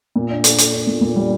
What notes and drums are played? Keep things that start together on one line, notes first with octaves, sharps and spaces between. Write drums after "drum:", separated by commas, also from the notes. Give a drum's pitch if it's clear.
A#2
D4
A4, drum: hi-hat
A4, drum: hi-hat
D4
A#2
A#2
G3